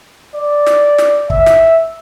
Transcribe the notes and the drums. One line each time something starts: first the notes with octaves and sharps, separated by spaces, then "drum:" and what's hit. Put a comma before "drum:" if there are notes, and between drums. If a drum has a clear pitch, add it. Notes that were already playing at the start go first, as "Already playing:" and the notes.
D5
drum: snare
drum: snare
E5, drum: kick
drum: snare